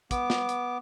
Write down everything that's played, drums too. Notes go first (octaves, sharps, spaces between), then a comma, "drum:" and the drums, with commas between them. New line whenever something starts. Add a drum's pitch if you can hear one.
B3 D6, drum: kick, hi-hat
drum: snare
drum: hi-hat